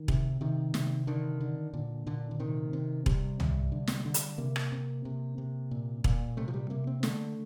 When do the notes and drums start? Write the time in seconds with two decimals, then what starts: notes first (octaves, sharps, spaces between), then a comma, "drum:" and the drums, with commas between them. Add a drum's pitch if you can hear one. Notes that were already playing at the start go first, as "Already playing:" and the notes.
Already playing: D#3
0.08 C3, drum: kick E1
0.41 C3 D#3
0.74 C3, drum: snare
1.07 D3 D#3
1.41 D3
1.73 A#2 D3
2.07 A#2 D3
2.31 D3
2.39 C3 D#3
2.73 C3
3.06 C3 G3, drum: kick E1
3.40 C3, drum: tom C2
3.72 D3
3.87 drum: snare
4.05 D3
4.14 drum: hi-hat
4.38 C3 A#3
4.56 drum: rim click
4.72 C3
5.05 C3
5.38 C3
5.71 A#2
6.04 A#2, drum: kick E1
6.37 C3 A3
6.48 F3
6.54 G3
6.70 C3 A#3
6.87 C4
7.03 D3 A3, drum: snare